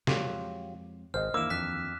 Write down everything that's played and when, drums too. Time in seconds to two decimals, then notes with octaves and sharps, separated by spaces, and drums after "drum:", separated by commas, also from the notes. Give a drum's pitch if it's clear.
0.07 F2 F#3 G#3 C4 F4 G4, drum: snare
1.14 G#1 C5 D#5 F6
1.34 D#2 E3 A#3 D4 E4 D6 E6 E7
1.50 F2 F#6 B6